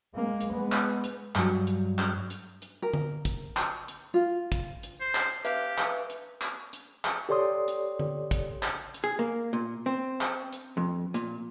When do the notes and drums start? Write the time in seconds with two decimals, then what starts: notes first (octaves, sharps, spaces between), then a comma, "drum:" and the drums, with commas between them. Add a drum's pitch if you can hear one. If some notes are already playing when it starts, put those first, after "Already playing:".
0.15 G#3 A#3
0.41 drum: hi-hat
0.53 G#3 B3
0.72 drum: clap
1.04 drum: hi-hat
1.35 G2 F#3, drum: clap
1.67 drum: hi-hat
1.99 drum: clap
2.30 drum: hi-hat
2.62 drum: hi-hat
2.82 A#4
2.94 drum: tom D3
3.25 drum: kick, hi-hat
3.57 drum: clap
3.88 drum: hi-hat
4.14 F4
4.52 drum: kick, hi-hat
4.83 drum: hi-hat
5.01 C5
5.15 drum: clap
5.45 G4 B4 E5 F5, drum: hi-hat
5.78 drum: clap
6.10 drum: hi-hat
6.41 drum: clap
6.73 drum: hi-hat
7.05 drum: clap
7.29 G4 A4 C#5 D5 C6 D#6
7.68 drum: hi-hat
8.00 drum: tom D3
8.31 drum: kick, hi-hat
8.63 drum: clap
8.94 drum: hi-hat
9.04 G#4
9.19 A#3
9.53 A#2
9.86 C4
10.21 drum: clap
10.53 drum: hi-hat
10.77 F2
11.14 A#2, drum: hi-hat